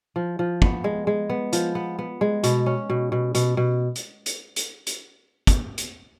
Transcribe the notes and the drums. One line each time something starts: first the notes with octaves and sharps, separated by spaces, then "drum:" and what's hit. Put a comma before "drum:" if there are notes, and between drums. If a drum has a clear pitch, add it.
F3
F3
B3, drum: kick
G#3
G#3
B3
F3, drum: hi-hat
B3
B3
G#3
B2, drum: hi-hat
C#4
B2
B2
B2, drum: hi-hat
B2
drum: hi-hat
drum: hi-hat
drum: hi-hat
drum: hi-hat
drum: kick, hi-hat
drum: hi-hat